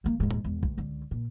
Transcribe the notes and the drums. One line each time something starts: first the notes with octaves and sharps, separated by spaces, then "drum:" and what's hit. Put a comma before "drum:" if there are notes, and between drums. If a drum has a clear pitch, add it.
D#3 A#3
D#1 G#2
drum: tom
E1
D2, drum: kick
C#2 D3
A#2